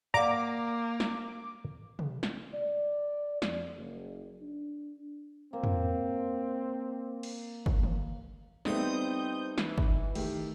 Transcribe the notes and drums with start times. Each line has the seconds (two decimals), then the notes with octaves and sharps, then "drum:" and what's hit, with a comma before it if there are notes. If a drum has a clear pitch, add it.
0.14 A#3 D5 F5 F#5 A#5 D6
1.00 drum: snare
1.99 drum: tom
2.23 drum: snare
2.53 D5
3.42 F2, drum: snare
3.76 F#1
4.41 D4
5.53 A#3 C4
5.64 drum: tom
7.23 drum: cymbal
7.66 drum: kick
7.83 drum: tom
8.65 G3 A3 B3 C4 D#4 D#6 G6, drum: snare
9.58 E3, drum: snare
9.78 drum: kick
10.15 D#3 A3 G4, drum: cymbal